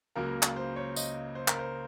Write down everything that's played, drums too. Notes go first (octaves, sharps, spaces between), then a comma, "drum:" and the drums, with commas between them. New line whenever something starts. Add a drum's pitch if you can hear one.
C#2 C#3 F#3 A#3 A#4
drum: clap
C5
C#5
D#5, drum: tambourine
C5
A#4, drum: clap
C5